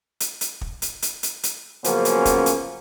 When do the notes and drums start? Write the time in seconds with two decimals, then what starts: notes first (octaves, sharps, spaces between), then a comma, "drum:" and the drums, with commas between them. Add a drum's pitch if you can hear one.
0.20 drum: hi-hat
0.41 drum: hi-hat
0.61 drum: kick
0.82 drum: hi-hat
1.02 drum: hi-hat
1.23 drum: hi-hat
1.43 drum: hi-hat
1.84 C#3 F3 F#3 A#3 B3 C#4, drum: hi-hat
2.05 drum: hi-hat
2.25 drum: kick, hi-hat
2.46 drum: hi-hat